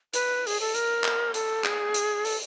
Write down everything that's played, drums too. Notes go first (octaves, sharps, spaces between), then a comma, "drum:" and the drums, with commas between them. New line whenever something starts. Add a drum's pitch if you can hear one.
B4, drum: hi-hat
G#4, drum: open hi-hat
A4
A#4, drum: hi-hat
drum: clap
A4, drum: hi-hat
G#4, drum: clap
drum: hi-hat
A4, drum: open hi-hat